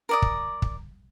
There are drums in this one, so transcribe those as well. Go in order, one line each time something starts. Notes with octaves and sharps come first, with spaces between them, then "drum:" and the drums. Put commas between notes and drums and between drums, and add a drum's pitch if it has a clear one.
A#4 D5 D#6
drum: kick
drum: kick